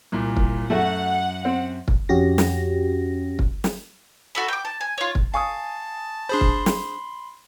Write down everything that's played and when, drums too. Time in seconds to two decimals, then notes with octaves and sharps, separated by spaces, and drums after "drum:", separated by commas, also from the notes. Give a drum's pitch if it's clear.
0.12 C2 A#2
0.37 drum: kick
0.70 F#2 A3 F#4 F#5
1.45 C4
1.88 drum: kick
2.09 F2 C#4 F#4 G4 A#6
2.38 drum: snare
3.39 drum: kick
3.64 drum: snare
4.35 F#4 A4 B5
4.48 G5 D6
4.65 A5
4.81 G#5
4.98 F4 C#5
5.15 drum: kick
5.34 F5 G#5 A5 C#6 D#6
6.29 D4 G#4 C5 B5 C6
6.41 drum: kick
6.66 drum: snare